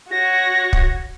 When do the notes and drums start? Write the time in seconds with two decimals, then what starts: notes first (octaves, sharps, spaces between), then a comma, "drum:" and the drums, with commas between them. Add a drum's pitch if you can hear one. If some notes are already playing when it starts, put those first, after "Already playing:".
0.11 F#4 C#5 A#6
0.73 drum: kick